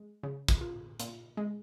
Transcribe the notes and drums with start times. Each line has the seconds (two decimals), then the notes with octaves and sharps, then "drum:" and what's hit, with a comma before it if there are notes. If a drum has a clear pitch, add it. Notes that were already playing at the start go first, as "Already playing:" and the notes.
Already playing: G#3
0.23 C#3
0.48 drum: kick, hi-hat
0.61 F4
1.00 A#2, drum: hi-hat
1.37 G#3